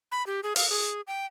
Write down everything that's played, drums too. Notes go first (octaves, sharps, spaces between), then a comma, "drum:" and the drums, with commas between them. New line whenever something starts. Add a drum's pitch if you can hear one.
B5
G4
G#4
F5, drum: open hi-hat
G#4
G5